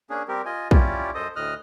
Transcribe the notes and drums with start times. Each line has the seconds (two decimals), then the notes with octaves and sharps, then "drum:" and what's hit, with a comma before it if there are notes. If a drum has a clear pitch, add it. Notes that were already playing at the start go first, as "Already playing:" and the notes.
0.10 A#3 C#4 D4 G#4
0.28 G3 C4 G4 A#4
0.45 F4 D#5 G#5
0.71 C#4 E4 F4 G4 D5, drum: kick A#1
1.15 F#2 A4 C5 D#5 D#6
1.36 D2 A2 D#5 D#6 F6 F#6